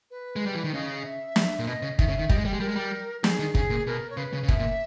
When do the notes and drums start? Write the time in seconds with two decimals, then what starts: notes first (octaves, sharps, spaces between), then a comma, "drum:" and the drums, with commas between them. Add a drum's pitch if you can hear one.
0.11 B4
0.36 G#3
0.46 G3
0.55 E3
0.64 D#3
0.73 C#3 D#5
1.04 E5
1.36 drum: snare
1.59 A#2
1.66 B2 D#5
1.82 C#3
1.99 D#3 E5, drum: kick
2.08 C#3
2.19 D#3
2.30 G3 D#5, drum: kick
2.38 G#3
2.45 G3 G4
2.53 G#3
2.60 G3 A#4
2.68 G#3
2.76 G3
3.24 G3 G#4, drum: snare
3.39 D#3
3.55 C#3 G#4, drum: kick
3.70 A#2
3.87 B2 A#4
4.10 C#5
4.17 C#3 B4
4.33 C#3
4.43 C#3
4.48 B2 E5, drum: kick
4.59 A#2